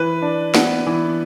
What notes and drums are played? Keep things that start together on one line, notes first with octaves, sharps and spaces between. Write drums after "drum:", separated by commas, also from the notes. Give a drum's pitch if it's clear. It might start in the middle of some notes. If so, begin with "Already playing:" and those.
Already playing: E3 B4
D4
B3, drum: snare
E3